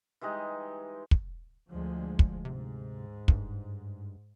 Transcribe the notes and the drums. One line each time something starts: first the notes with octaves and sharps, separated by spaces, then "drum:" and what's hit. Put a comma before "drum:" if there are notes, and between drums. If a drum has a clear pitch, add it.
E3 G3 G#3 D#4
drum: kick
D2 F3 G#3
drum: kick
G#2 C3
G2, drum: kick